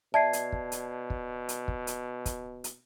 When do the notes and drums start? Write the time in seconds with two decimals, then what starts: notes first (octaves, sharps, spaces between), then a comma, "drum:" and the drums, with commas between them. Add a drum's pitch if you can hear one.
0.14 B2 D5 E5 A5 G#6 C7
0.33 drum: hi-hat
0.52 drum: kick
0.72 drum: hi-hat
1.10 drum: kick
1.49 drum: hi-hat
1.68 drum: kick
1.87 drum: hi-hat
2.26 drum: kick, hi-hat
2.64 drum: hi-hat